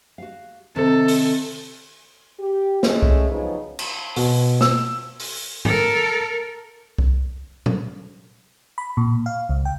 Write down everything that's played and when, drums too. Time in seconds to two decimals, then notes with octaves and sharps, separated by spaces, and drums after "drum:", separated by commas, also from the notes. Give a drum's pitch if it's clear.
0.18 F#4 F5
0.76 C3 D#3 A4
1.08 drum: open hi-hat
2.40 G4
2.83 G#3 A3 C#4, drum: snare
3.02 drum: kick C2
3.31 C#3 F3 F#3 B3 D#4
3.79 drum: cymbal
4.16 B2, drum: open hi-hat
4.61 E6, drum: snare
5.20 drum: open hi-hat
5.65 A4 A#4, drum: tom G2
6.98 drum: kick C2
7.66 drum: tom A#2
8.78 B5
8.97 A#2
9.26 F5
9.49 C#2
9.65 G5